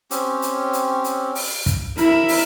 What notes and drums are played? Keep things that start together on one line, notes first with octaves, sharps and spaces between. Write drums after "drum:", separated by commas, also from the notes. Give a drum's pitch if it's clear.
C4 C#4 G4, drum: hi-hat
drum: hi-hat
drum: hi-hat
drum: hi-hat
drum: open hi-hat
drum: kick, hi-hat
E4 A#4 E5 B5, drum: hi-hat
drum: open hi-hat